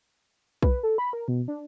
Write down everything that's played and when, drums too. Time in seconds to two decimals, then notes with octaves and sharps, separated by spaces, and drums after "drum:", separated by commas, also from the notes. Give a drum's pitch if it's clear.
0.63 B4, drum: kick B1
0.83 A4
0.98 B5
1.13 A#4
1.28 B2
1.48 D4